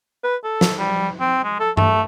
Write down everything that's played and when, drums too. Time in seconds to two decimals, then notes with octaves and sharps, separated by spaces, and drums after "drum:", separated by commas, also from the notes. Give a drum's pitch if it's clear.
0.24 B4
0.44 A4
0.61 drum: snare
0.79 G3
1.20 C4
1.44 G#3
1.60 A4
1.77 A3, drum: tom G2